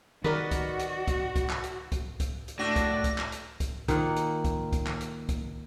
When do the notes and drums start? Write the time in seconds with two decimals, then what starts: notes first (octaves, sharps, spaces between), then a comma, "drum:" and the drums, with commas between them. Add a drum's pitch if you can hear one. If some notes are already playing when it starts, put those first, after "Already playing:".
0.24 D#3 F#4 G4 A#4 B4 D5 D#5
0.51 drum: kick, hi-hat
0.79 drum: hi-hat
1.08 drum: kick, hi-hat
1.36 drum: kick, hi-hat
1.50 drum: clap
1.64 drum: hi-hat
1.92 drum: kick, hi-hat
2.20 drum: kick, hi-hat
2.48 drum: hi-hat
2.59 A2 A3 D4 F#4 D5 A#6
2.76 drum: kick, hi-hat
3.04 drum: kick, hi-hat
3.18 drum: clap
3.32 drum: hi-hat
3.60 drum: kick, hi-hat
3.88 D#3 A#3 F4 F#5, drum: kick, hi-hat
4.16 drum: hi-hat
4.44 drum: kick, hi-hat
4.73 drum: kick, hi-hat
4.87 drum: clap
5.01 drum: hi-hat
5.29 drum: kick, hi-hat